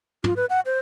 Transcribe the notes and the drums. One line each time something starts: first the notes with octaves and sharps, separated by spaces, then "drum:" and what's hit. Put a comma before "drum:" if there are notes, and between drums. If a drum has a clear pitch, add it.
F4, drum: tom
B4
F#5
C5